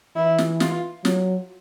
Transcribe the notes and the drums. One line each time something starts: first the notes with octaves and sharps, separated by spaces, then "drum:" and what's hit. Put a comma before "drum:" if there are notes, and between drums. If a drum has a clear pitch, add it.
E3 E4
drum: snare
F4, drum: snare
F#3, drum: snare